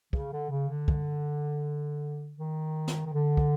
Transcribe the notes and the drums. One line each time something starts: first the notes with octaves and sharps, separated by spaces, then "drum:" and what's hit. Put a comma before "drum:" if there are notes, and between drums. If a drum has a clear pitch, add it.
C#3, drum: kick
D3
C#3
D3
drum: kick
D#3
drum: snare
D#3
D3
drum: kick